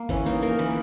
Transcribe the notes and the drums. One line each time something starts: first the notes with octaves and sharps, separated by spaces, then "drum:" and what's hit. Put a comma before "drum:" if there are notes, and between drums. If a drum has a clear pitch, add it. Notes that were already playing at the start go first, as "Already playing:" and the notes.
Already playing: A#3
E3 C#4, drum: kick G1
A#3 D#4
A#3 A#4
E3 B4